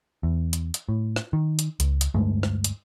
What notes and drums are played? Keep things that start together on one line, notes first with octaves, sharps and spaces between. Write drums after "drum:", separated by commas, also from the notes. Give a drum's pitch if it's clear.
E2
drum: hi-hat
drum: hi-hat
A2
drum: rim click
D#3
drum: hi-hat
C#2, drum: hi-hat
drum: hi-hat
D2 G2 G#3 A3
drum: rim click
drum: hi-hat